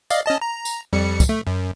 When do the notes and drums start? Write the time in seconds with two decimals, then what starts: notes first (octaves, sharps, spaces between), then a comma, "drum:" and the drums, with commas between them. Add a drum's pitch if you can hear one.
0.10 D5 D#5 F5, drum: tambourine
0.26 C#4 D#5 A5
0.42 A#5
0.65 drum: tambourine
0.93 F2 G3 C#7
1.20 drum: kick, tambourine
1.29 A3
1.47 F#2